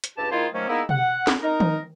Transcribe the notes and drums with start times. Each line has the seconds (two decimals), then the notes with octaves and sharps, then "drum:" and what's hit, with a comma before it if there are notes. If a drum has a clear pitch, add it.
0.04 drum: hi-hat
0.17 C#2 G2 G4 A5
0.31 D#3 A#3 E4 F4 G#4 C5
0.53 D#3 F3 F#3 A3 A#3 C#4
0.68 G#3 A#3 B3 D#4 E4
0.89 F#5, drum: tom B2
1.27 drum: snare
1.43 D#4 A#4
1.60 drum: tom D#3